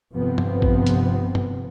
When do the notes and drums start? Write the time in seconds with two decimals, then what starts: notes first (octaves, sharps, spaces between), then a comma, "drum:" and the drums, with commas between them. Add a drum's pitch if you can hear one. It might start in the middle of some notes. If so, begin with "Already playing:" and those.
0.14 G1 C3 F3 B3 C4
0.38 drum: tom
0.62 drum: kick
0.86 drum: hi-hat
1.35 drum: tom